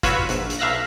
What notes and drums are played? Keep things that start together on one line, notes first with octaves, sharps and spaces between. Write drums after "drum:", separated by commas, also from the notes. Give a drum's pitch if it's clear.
F4 F#4 B4 C#5 E6, drum: kick, hi-hat
A#1, drum: hi-hat
drum: hi-hat
B1 E5 F5 E6 F#6 A#6